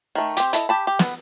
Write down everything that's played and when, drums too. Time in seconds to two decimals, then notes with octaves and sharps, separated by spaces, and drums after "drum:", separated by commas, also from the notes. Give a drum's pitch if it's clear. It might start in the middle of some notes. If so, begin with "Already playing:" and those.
0.15 D#3 A3
0.37 C4 G4, drum: hi-hat
0.53 E4 A4 D#5, drum: hi-hat
0.69 G4 A5 B5
0.87 G4
0.99 B3, drum: snare